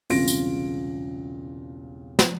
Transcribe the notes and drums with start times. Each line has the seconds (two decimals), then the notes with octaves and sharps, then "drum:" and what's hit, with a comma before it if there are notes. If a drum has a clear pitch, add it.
0.10 E1 C2 C#3 F4 A#6 D7, drum: open hi-hat
0.28 drum: tambourine
2.19 drum: snare